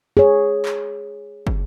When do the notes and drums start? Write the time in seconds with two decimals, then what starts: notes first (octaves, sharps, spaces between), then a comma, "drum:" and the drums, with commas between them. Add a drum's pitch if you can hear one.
0.17 G#4 C#5
0.65 drum: clap
1.47 drum: kick